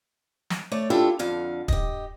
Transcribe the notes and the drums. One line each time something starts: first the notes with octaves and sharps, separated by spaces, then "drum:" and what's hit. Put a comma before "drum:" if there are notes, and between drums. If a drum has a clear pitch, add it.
drum: snare
A3 C#5 D5
A3 D4 E4 F4 G4 A4
F2 D3 F5
G4 D#5, drum: kick